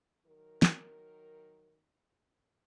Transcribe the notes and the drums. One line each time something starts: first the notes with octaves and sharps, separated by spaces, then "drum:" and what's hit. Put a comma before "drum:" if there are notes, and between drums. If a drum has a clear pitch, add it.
D#3 F#3 A#4
drum: snare